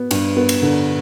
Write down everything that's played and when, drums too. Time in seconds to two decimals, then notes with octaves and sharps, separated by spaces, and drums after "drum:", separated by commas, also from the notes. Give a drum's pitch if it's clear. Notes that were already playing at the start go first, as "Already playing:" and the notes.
Already playing: B3
0.11 G2, drum: cymbal
0.37 B3
0.49 drum: cymbal
0.62 D3